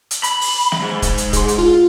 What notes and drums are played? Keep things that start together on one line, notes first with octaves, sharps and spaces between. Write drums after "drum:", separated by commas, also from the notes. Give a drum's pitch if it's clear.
drum: hi-hat
B5, drum: hi-hat
drum: open hi-hat
drum: snare
G#2
drum: kick, hi-hat
drum: hi-hat
G#4 C6, drum: kick, hi-hat
drum: hi-hat
F4